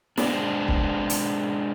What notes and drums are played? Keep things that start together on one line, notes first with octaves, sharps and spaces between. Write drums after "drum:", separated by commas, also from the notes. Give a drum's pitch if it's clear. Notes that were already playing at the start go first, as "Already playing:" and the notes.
G#3 C4 D4, drum: snare
drum: kick
drum: hi-hat